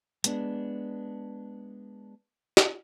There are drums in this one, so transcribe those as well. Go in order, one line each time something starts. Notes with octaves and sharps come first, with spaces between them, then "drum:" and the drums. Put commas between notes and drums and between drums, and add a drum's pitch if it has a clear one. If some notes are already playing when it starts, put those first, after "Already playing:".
G#3 B3 D4, drum: hi-hat
drum: snare